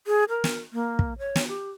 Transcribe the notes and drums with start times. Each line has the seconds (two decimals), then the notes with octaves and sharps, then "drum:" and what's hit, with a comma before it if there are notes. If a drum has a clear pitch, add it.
0.07 G#4
0.29 A#4
0.44 drum: snare
0.73 A#3
0.99 drum: kick
1.19 C#5
1.36 drum: snare
1.48 G4